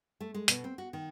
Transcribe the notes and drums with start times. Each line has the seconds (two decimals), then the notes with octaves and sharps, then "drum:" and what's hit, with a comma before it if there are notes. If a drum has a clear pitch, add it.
0.20 A3
0.34 G#3
0.48 B2, drum: hi-hat
0.64 C4
0.78 F#4
0.93 D#3